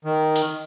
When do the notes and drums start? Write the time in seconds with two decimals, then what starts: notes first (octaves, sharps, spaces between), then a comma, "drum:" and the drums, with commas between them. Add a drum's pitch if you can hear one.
0.05 D#3
0.36 drum: open hi-hat